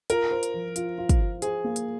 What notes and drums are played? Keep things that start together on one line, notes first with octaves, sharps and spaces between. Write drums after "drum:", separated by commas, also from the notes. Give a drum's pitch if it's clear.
F4 A#4, drum: hi-hat
C5
drum: hi-hat
F3
F4, drum: hi-hat
F4
drum: kick, hi-hat
F4
G#4 C5, drum: hi-hat
A#3
drum: hi-hat